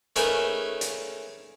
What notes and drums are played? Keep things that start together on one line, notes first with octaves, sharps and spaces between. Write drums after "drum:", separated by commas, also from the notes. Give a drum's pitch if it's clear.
A3 C#4 D#4 G#4 A#4 B4, drum: hi-hat
drum: hi-hat